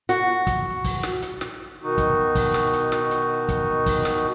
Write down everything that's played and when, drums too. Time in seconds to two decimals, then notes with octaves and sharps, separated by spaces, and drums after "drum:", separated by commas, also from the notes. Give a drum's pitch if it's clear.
0.09 F#4, drum: hi-hat
0.47 drum: kick, hi-hat
0.84 drum: kick, open hi-hat
1.03 drum: snare
1.22 drum: hi-hat
1.41 drum: snare
1.83 B2 D#3 D#4 F#4
1.98 drum: kick, hi-hat
2.35 drum: kick, open hi-hat
2.54 drum: snare
2.73 drum: hi-hat
2.92 drum: snare
3.11 drum: hi-hat
3.49 drum: kick, hi-hat
3.86 drum: kick, open hi-hat
4.05 drum: snare